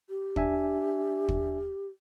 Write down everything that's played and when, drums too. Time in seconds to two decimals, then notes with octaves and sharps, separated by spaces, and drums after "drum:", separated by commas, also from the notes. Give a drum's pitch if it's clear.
0.09 G4
0.36 D4 E5 G#5, drum: kick
1.28 drum: kick